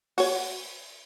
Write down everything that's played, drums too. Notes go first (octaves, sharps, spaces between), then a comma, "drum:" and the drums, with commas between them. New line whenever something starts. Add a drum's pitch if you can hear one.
F#4 C#5, drum: open hi-hat